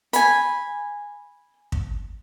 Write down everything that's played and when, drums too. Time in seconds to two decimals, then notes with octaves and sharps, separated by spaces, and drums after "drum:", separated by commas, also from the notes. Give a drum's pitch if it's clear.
0.13 G#5 B5, drum: hi-hat
1.72 drum: kick